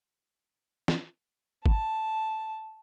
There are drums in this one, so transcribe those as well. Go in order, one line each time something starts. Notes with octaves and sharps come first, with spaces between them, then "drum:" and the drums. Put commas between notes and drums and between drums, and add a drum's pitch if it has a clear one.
drum: snare
A5, drum: kick G#1